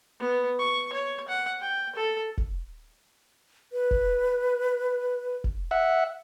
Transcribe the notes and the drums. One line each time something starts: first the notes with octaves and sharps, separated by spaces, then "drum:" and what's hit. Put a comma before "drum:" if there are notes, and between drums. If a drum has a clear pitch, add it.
B3
C#6
C#5
F#5
G5
A4
drum: kick
B4
drum: kick
drum: kick
E5 F#5